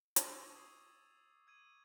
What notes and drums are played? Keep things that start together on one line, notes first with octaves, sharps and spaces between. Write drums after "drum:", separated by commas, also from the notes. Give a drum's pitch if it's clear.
C#6 D6 E6 A6 F7, drum: hi-hat
D#6 G#6 C7
E6 G#6 D#7